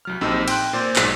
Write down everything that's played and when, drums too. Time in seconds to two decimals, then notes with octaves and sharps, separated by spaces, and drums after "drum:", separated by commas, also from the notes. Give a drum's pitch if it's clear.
0.05 C2 F#3 F6
0.21 A#1 C4 D#4 G4 A4 E6
0.48 G5 C6 F#6, drum: cymbal
0.73 A#2 C5 D5
0.96 B1 G#2 E6 B6, drum: clap